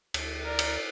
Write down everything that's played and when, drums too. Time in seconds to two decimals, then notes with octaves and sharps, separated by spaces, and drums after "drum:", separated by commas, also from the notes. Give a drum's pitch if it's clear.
0.14 D2, drum: cymbal
0.45 A#4 D5
0.59 drum: cymbal